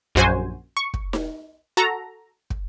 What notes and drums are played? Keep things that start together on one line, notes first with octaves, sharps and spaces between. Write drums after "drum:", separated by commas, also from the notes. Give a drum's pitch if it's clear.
A#1 F#2 F#4 C5 G#5
C#6
drum: kick
drum: snare D#4
F#4 A4 A#5
drum: kick